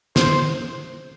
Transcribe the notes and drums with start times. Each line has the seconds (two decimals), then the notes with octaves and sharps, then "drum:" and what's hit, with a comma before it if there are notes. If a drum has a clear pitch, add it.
0.16 C5, drum: snare